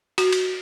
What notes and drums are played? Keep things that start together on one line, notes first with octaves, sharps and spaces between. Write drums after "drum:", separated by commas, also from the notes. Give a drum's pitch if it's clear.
F#4, drum: cymbal
drum: cymbal